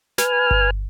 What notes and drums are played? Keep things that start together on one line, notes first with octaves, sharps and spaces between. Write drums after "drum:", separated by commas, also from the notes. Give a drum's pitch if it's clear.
B4 G#5 F6, drum: snare
drum: kick G1